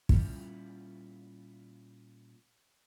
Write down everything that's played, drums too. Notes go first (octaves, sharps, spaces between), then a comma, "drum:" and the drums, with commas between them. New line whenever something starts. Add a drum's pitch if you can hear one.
A#2 G3 C#4 E4 F4, drum: kick